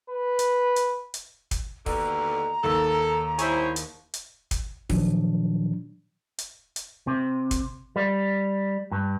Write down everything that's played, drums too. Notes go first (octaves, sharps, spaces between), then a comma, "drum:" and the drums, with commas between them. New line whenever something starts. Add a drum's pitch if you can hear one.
B4
drum: hi-hat
drum: hi-hat
drum: hi-hat
drum: kick, hi-hat
D#2 B2 D3 A#5, drum: kick, open hi-hat
D#2 A4
G3 E4 G#4 C5 C#5, drum: hi-hat
drum: hi-hat
drum: hi-hat
drum: kick, hi-hat
A#2 D#3 F3 F#3 D4, drum: kick, open hi-hat
drum: hi-hat
drum: hi-hat
C3
drum: kick, hi-hat
G3
G2